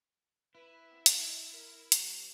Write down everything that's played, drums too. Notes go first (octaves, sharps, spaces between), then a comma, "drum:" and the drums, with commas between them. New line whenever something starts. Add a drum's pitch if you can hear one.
E4 B4
B3 C4
drum: hi-hat
C3 D#4
A#4
F#3, drum: hi-hat